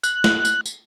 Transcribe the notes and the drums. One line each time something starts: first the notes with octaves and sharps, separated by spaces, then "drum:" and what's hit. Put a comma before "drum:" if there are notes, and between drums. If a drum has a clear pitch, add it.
F#6, drum: tambourine
drum: snare
drum: tambourine
drum: tambourine